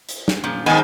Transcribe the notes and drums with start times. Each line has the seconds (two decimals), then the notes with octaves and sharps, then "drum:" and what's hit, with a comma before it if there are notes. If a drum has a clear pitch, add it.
0.09 drum: hi-hat
0.28 drum: snare
0.44 A#2 F3
0.66 G#2 D#3 B3 G#5